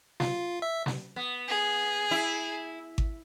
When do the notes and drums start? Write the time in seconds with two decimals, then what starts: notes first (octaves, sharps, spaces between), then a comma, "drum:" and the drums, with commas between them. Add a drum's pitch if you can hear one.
0.20 F4, drum: snare
0.62 E5
0.86 drum: snare
1.16 B3
1.49 G#4
2.11 E4
2.98 drum: kick G#1